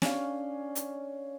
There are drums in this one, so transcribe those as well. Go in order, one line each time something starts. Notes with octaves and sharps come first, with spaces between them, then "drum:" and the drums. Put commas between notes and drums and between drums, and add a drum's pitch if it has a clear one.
C#4 D4 F5, drum: snare
drum: hi-hat